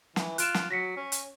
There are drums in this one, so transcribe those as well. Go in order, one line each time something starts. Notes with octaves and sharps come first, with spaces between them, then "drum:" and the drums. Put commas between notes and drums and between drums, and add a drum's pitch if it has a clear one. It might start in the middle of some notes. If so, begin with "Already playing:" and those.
E3, drum: snare
F4 F#6 D7 E7, drum: hi-hat
drum: snare
F#3 A#6 B6 C#7
C#4
drum: hi-hat